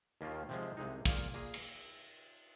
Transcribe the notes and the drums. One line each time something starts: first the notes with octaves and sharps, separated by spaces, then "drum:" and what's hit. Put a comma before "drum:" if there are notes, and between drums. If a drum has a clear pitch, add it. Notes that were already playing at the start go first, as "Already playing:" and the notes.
D#2 D#3 A#3 F4
C3 F3 G#3
C2 C3 G#3 D#4
A#2 A#3 F4 G#4, drum: kick
A#2 A#3 G#4, drum: open hi-hat
drum: cymbal